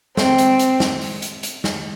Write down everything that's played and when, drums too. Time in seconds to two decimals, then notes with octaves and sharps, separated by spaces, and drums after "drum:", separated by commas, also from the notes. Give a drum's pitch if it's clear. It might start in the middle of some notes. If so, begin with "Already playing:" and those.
0.17 C4, drum: snare
0.38 drum: hi-hat
0.59 drum: hi-hat
0.80 drum: snare
1.01 drum: open hi-hat
1.22 drum: hi-hat
1.43 drum: hi-hat
1.64 drum: snare